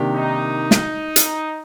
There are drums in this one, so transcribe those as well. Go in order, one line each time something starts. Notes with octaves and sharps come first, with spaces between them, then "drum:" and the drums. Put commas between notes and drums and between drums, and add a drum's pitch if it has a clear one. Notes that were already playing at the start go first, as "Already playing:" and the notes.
Already playing: C3 D#3 A#3 D4 G4
D#4
drum: snare
drum: hi-hat